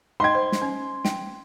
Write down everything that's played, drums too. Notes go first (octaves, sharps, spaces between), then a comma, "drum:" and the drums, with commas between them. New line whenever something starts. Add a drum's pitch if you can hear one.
D#4 D#5 G5 C6 G#6
C5
drum: snare
C#4
G5, drum: snare